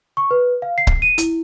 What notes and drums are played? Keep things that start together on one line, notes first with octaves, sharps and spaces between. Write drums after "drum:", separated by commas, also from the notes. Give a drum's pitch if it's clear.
C#6
B4
F5
C7
drum: kick C#1
D#7
E4, drum: hi-hat